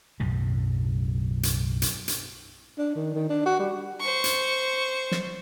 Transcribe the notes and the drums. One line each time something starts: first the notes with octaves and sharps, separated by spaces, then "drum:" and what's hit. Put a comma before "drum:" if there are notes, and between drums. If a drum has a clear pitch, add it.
B1 F#2 A2 C#3
drum: hi-hat
drum: hi-hat
drum: hi-hat
D4
D#3
D#3
D4
F#4
G3
C5 C#6
drum: hi-hat
drum: snare